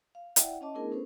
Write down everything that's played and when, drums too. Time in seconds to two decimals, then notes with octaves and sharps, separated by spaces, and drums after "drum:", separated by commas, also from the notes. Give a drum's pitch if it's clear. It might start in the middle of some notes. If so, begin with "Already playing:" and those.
0.15 F5
0.36 E4 D5 E5 F#5 G5, drum: hi-hat
0.61 C#4 C#5 D#5 A5 D6
0.75 A3 B3 D4 E4 G#4 A#4
0.91 B3 C#4 A4 B4 C5